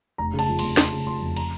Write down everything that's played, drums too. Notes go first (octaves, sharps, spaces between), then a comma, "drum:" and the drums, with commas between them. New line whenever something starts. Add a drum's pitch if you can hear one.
F1 A#5
C#3
A5, drum: cymbal
F3
C6, drum: cymbal
F2
F1 C6, drum: snare
C#3
F3 C6
F2
A#5, drum: cymbal